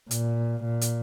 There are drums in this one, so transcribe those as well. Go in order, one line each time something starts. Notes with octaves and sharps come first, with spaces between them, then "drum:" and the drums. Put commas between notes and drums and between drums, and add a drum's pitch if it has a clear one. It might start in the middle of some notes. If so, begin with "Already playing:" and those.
A#2, drum: hi-hat
A#2
drum: hi-hat